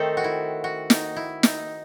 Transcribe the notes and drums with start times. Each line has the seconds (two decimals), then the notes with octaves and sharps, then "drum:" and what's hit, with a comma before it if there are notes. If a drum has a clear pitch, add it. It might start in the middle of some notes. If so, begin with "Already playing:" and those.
Already playing: D#3 A3 C4 D#4 A4
0.17 F#4
0.24 E4
0.64 F#4
0.90 D#4, drum: snare
1.16 E4
1.43 D#4, drum: snare